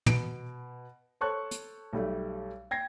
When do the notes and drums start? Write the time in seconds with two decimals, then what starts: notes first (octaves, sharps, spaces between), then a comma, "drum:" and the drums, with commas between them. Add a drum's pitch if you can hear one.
0.06 B2 D7, drum: tom
1.21 A4 C5 C#5 A5 C#6 F#6
1.51 drum: hi-hat
1.93 B1 G3 A3
2.71 G5 G#6 A#6 C7